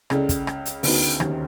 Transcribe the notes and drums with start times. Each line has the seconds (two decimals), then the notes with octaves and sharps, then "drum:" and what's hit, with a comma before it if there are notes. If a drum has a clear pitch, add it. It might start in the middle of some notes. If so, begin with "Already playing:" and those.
0.10 C#2 C#3 C#4 E4 A4 D5, drum: rim click
0.29 drum: kick, hi-hat
0.47 drum: rim click
0.65 drum: hi-hat
0.83 D2 D3 B3 D#4 F#4 B4, drum: open hi-hat
1.02 drum: hi-hat
1.20 D#2 D#3, drum: rim click